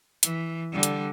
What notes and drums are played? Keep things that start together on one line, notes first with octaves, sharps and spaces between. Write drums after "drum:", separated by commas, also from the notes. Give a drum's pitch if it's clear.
E3, drum: hi-hat
D3 G3
drum: hi-hat